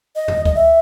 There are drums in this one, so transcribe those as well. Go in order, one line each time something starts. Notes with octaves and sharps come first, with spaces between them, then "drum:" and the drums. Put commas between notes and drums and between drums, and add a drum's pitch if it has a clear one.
D#5
drum: tom E2
D#5, drum: kick C#2
E5